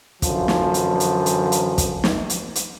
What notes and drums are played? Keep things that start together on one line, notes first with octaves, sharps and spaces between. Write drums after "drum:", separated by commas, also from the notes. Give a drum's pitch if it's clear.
F#2 D3 E3 F3, drum: kick, hi-hat
drum: snare
drum: hi-hat
drum: hi-hat
drum: hi-hat
drum: hi-hat
drum: kick, hi-hat
drum: snare
drum: hi-hat
drum: hi-hat